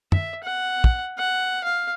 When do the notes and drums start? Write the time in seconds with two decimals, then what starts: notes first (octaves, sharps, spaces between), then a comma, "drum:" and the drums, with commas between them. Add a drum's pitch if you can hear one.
0.12 E5, drum: tom
0.44 F#5
0.84 drum: kick
1.18 F#5
1.64 F5